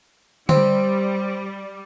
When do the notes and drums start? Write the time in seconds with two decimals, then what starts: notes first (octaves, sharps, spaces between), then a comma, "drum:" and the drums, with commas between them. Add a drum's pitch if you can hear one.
0.49 G3 C4, drum: tom D3